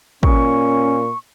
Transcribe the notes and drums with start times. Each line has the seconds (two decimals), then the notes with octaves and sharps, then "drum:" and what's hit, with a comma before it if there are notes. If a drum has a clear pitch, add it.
0.23 A#2 C#4 C#6, drum: kick